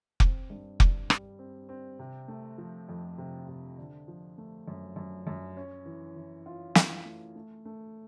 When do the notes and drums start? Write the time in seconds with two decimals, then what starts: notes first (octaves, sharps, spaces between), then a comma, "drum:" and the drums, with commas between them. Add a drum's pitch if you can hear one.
0.20 C4, drum: kick F1
0.50 G2
0.80 G2, drum: kick F1
1.10 G3, drum: rim click
1.39 C4
1.69 C4
1.99 C3
2.28 A3
2.58 F3
2.89 F2
3.18 C3
3.48 C3
3.78 D3
4.08 F3
4.38 A3
4.68 F#2
4.96 F#2
5.27 F#2
5.57 C#4
5.86 E3
6.16 E3
6.46 F4
6.75 E3, drum: snare
7.05 A3
7.35 A3
7.65 A3